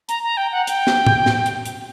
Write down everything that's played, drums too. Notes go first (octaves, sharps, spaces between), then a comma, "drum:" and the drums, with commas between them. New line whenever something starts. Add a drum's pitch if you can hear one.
A#5, drum: hi-hat
A#5
G5
F#5
G5, drum: hi-hat
drum: snare
drum: tom
drum: snare
drum: hi-hat
drum: hi-hat